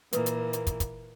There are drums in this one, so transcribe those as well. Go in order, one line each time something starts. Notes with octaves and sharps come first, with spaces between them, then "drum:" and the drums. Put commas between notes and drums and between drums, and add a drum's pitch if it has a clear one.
A#2 E3 A#3 B4 D#6, drum: hi-hat
drum: hi-hat
drum: hi-hat
drum: kick, hi-hat
drum: kick, hi-hat